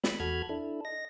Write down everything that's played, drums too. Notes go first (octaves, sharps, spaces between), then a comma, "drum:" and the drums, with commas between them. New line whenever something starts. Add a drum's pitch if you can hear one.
B5, drum: snare
E2 F#4 A4 B5 F6 G#6
D4 E4 A4
D#5 A#6